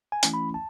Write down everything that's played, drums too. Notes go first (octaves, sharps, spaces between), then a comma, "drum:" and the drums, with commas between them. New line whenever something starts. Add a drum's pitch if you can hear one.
G#5
E3 A3 C#4 E4, drum: hi-hat
B5
A5